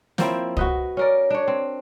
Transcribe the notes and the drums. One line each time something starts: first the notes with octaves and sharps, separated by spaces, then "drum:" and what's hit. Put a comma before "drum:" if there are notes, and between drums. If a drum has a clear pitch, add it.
F3 A#3 C4 E4, drum: snare
F#4 B4 D#5, drum: kick
C#4 A#4 D5
D4 C#5
C4